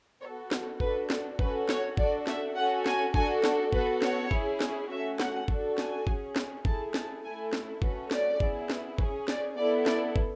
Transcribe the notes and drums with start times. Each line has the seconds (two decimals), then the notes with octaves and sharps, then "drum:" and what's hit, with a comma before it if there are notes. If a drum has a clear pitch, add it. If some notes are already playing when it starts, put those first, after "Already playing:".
0.22 B3 F#4 A4 C#5
0.51 drum: snare
0.80 D4 F#4 A4 B4, drum: kick
1.10 A4, drum: snare
1.39 C#4 F#4 A4 B4, drum: kick
1.69 C#5, drum: snare
1.97 D4 F#4 A4 D5, drum: kick
2.27 E5, drum: snare
2.56 C#4 F#4 A4 F#5
2.86 G#5, drum: snare
3.14 D4 F#4 A4 G#5, drum: kick
3.44 drum: snare
3.73 B3 F#4 A4 B4, drum: kick
4.02 C#5, drum: snare
4.31 C#4 E4 G#4, drum: kick
4.60 drum: snare
4.90 A3 C#4 F#4 E5
5.20 F#5, drum: snare
5.48 D4 F#4 A4, drum: kick
5.78 G#5, drum: snare
6.07 C#4 G#4, drum: kick
6.36 drum: snare
6.65 A3 E4 G#4 A5, drum: kick
6.94 A5, drum: snare
7.23 A3 E4 A4 G#5
7.53 drum: snare
7.82 A3 C#4 F#4 A4 B4, drum: kick
8.11 D5, drum: snare
8.40 B3 E4 G#4, drum: kick
8.70 drum: snare
8.98 C#4 G#4 B4, drum: kick
9.28 D5, drum: snare
9.57 B3 E4 A4 D5
9.86 D5, drum: snare
10.16 drum: kick